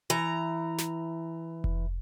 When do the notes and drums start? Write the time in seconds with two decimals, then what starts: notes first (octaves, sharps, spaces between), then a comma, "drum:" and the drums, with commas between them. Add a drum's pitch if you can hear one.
0.10 E3 A#5
0.78 drum: snare
1.64 drum: kick F1